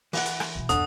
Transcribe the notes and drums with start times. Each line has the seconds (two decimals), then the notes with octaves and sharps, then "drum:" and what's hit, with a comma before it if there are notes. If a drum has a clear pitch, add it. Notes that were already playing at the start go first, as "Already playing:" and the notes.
0.13 E3 F#5, drum: open hi-hat
0.25 drum: hi-hat
0.40 drum: rim click
0.55 B2 G#3
0.69 E2 G2 D3 D#6, drum: hi-hat